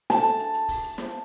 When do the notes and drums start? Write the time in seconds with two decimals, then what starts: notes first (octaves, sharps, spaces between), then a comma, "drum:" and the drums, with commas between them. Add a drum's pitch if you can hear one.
0.10 A5, drum: snare
0.25 drum: hi-hat
0.39 drum: hi-hat
0.54 drum: hi-hat
0.69 drum: kick E1, open hi-hat
0.83 drum: hi-hat
0.98 drum: snare